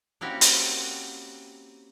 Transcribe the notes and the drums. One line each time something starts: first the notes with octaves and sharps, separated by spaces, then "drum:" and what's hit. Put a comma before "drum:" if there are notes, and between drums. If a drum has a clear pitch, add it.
A#3 C4 C#4 E4 F#4 G4
drum: hi-hat